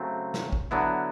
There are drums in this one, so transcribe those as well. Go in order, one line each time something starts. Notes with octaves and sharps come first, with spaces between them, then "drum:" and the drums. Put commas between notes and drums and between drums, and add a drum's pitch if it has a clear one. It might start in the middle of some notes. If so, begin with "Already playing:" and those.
Already playing: C#3 F#3 A3 C4
drum: snare
drum: kick
D3 F#3 B3 E4